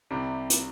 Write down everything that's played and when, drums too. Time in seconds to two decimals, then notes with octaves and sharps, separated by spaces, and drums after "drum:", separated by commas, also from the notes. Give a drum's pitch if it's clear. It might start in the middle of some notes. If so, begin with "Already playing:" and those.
0.11 C2 C3 G3
0.50 drum: hi-hat